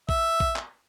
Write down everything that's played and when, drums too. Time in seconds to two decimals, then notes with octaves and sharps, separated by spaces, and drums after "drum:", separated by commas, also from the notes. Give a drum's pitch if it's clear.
0.09 E5, drum: kick A#1
0.40 drum: kick A#1
0.56 drum: clap